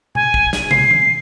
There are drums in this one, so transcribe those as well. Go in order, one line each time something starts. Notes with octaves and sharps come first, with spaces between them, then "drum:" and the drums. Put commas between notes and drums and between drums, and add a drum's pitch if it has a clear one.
G#5, drum: tom B2
drum: kick
drum: snare
C7, drum: tom
drum: tom D#3